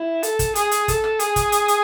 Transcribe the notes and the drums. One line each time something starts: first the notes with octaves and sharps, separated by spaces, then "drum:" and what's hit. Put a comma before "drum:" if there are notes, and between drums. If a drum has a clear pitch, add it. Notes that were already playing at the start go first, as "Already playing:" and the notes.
Already playing: E4
A4, drum: hi-hat
drum: kick, hi-hat
G#4, drum: hi-hat
drum: hi-hat
A4, drum: kick, hi-hat
drum: rim click
G#4, drum: hi-hat
drum: kick, hi-hat
drum: hi-hat
drum: hi-hat